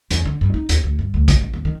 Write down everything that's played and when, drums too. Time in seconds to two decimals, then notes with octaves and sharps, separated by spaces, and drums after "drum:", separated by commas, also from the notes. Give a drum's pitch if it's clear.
0.10 E2, drum: hi-hat
0.25 D3
0.41 G2
0.54 D#4
0.69 D#2, drum: hi-hat
0.84 D2
0.99 G2
1.14 D2
1.28 F1, drum: kick, hi-hat
1.41 A1
1.54 D#2
1.65 D#3